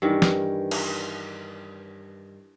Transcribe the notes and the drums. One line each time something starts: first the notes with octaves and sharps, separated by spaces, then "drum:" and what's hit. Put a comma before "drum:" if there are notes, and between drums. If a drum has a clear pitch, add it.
G2 D#3 E3
drum: snare
drum: cymbal